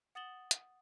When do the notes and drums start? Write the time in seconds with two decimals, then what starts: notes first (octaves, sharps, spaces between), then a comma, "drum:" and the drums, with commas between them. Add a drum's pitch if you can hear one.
0.15 F#5 D#6 A6 E7 F#7 G7
0.51 drum: hi-hat